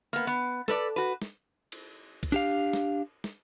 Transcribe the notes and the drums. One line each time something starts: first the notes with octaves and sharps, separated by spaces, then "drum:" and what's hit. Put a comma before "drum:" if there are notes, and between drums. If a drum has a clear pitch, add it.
A#3 B3
B3
A4 B4 D5, drum: snare
F#4 B4
drum: snare
drum: cymbal
drum: kick B1, cymbal
D4 G4 F5
drum: snare
drum: snare